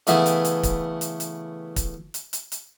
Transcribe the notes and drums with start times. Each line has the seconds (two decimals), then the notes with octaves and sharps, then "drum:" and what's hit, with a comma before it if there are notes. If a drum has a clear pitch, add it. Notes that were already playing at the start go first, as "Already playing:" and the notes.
0.07 C#3 E3 A3 B3 E4, drum: hi-hat
0.26 drum: hi-hat
0.45 drum: hi-hat
0.63 drum: kick, hi-hat
1.01 drum: hi-hat
1.20 drum: hi-hat
1.76 drum: kick, hi-hat
2.14 drum: hi-hat
2.33 drum: hi-hat
2.52 drum: hi-hat